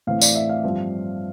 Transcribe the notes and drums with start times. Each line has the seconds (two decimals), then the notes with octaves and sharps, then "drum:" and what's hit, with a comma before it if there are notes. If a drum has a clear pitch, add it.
0.07 A2 E3 A3 C4 F5
0.21 D5, drum: tambourine
0.35 E5
0.49 F5
0.63 G2 F3 C4